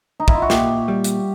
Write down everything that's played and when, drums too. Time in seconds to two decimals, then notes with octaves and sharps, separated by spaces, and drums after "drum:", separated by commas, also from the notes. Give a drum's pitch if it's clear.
0.20 D#4
0.28 E4, drum: kick
0.35 F4
0.42 F#4
0.50 A#2 G4, drum: snare
0.88 G3
1.04 drum: hi-hat